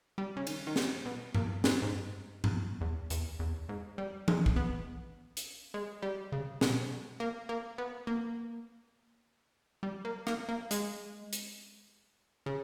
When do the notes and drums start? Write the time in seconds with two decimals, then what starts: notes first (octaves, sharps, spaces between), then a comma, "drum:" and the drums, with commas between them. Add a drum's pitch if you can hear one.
0.18 G3
0.37 C#3
0.47 D#3, drum: cymbal
0.67 D#3
0.76 C#3, drum: snare
1.05 B2
1.35 A#2, drum: tom G2
1.64 G#2, drum: snare
1.82 G#2
1.93 G2
2.44 drum: tom G2
2.81 E2
3.10 E2, drum: hi-hat
3.40 E2
3.69 G#2
3.98 G3
4.28 G#3, drum: tom E3
4.46 drum: kick
4.56 B3
5.37 drum: hi-hat
5.74 G#3
6.02 G3
6.32 C#3
6.61 B2, drum: snare
7.20 A#3
7.49 A#3
7.78 B3
8.07 A#3
9.83 G3
10.05 A#3
10.27 A#3, drum: rim click
10.49 A#3
10.71 G#3, drum: hi-hat
11.33 drum: hi-hat
12.46 C#3